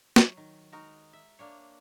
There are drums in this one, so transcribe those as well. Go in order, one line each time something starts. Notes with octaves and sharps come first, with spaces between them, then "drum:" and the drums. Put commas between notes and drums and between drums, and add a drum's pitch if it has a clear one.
F#3, drum: snare
D#3
G#3 D#4 F#4 A#4
E5
A#3 D4 C#5